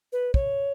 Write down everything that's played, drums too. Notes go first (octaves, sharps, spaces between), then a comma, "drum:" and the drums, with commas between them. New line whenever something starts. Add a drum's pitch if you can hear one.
B4
C#5, drum: kick